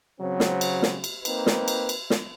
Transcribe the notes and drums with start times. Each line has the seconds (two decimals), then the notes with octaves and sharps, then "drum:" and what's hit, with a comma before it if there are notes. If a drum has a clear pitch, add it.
0.19 C#3 F#3 C4
0.40 drum: snare
0.61 drum: cymbal
0.82 drum: snare
1.04 drum: cymbal
1.25 A#3 C4 D#4 B4, drum: cymbal
1.46 drum: snare
1.68 drum: cymbal
1.89 drum: cymbal
2.10 drum: snare